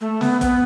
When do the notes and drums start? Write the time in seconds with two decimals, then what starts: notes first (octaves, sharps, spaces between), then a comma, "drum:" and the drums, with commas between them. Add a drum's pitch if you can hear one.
0.01 A3
0.21 B3, drum: snare
0.41 B3, drum: kick, hi-hat